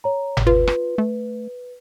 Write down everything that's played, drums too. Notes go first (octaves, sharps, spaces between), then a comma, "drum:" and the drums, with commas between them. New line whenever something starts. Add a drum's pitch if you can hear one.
C#5 A#5
drum: tom G1
F4 B4
drum: rim click
A3